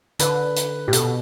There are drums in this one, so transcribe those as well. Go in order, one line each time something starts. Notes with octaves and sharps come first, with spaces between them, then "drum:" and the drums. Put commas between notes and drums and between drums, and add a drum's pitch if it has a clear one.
D3 B4, drum: hi-hat
drum: hi-hat
A2 G4
B2 A4, drum: hi-hat